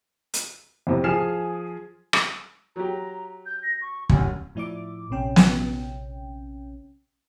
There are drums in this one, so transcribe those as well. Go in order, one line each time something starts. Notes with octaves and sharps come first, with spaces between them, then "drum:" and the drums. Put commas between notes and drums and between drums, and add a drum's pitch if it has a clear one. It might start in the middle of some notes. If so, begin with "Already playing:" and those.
drum: hi-hat
F2 A2 C3
F3 G#4 G#5 F6 C7 E7
drum: rim click
F#3 G4 A#5
G6
A#6
C#6
A1 F#2 G#5, drum: kick
A2 F3 E4 D5 E5 D6
A#1 C3 C#4 G5
drum: snare